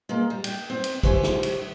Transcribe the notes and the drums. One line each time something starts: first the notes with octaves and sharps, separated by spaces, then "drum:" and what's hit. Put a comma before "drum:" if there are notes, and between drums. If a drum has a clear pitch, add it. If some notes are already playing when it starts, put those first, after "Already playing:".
G#3 A#3
G3
G5, drum: cymbal
C4
drum: cymbal
G4 C5 C#5 E5 G#5, drum: kick
drum: snare
drum: cymbal